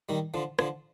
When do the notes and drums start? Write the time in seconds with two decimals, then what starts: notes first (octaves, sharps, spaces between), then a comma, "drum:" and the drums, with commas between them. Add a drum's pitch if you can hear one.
0.09 D#3 G3
0.34 D3 F3
0.59 D3 F3, drum: rim click